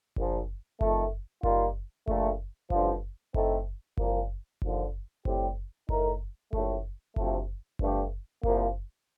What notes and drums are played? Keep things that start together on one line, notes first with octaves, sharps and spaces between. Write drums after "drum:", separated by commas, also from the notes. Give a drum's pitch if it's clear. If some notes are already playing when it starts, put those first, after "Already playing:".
A#1 A#2 F3, drum: kick F#1
F2 D#3 A3, drum: kick F#1
D#3 G3 A#3 F4, drum: kick F#1
A#1 A#2 A3, drum: kick F#1
A1 G2 D3 F3, drum: kick F#1
A2 A3 C4 D#4 A4, drum: kick F#1
C2 A#2 F3 A#3, drum: kick F#1
D#2 D3 F3, drum: kick F#1
A2 G3 C4 G4, drum: kick F#1
A2 A3 D#4 A#4, drum: kick F#1
A#1 A2 A3, drum: kick F#1
D2 C3 F3 A3 C4, drum: kick F#1
G2 F3 A3 D4 G4, drum: kick F#1
C2 A#2 F3 A#3, drum: kick F#1